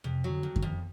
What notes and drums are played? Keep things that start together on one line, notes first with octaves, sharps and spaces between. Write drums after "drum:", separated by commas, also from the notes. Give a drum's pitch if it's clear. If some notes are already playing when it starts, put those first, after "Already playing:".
F2 C3
F#3
D3
F2
D#3, drum: kick F#2
F2